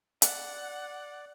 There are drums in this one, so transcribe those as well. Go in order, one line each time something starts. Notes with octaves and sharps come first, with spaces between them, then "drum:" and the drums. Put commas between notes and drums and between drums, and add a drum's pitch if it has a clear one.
D5 F#5, drum: hi-hat